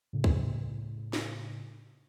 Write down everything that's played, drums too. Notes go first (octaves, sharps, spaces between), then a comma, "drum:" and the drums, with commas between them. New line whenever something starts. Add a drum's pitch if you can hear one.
A2 C#3
drum: kick
drum: snare